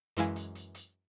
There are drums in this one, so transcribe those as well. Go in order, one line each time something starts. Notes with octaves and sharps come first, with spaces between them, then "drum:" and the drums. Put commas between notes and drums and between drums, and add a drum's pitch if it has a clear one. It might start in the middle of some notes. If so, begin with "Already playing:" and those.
F#2 E3 G#3 E4 F5 G#5, drum: hi-hat
drum: hi-hat
drum: hi-hat
drum: hi-hat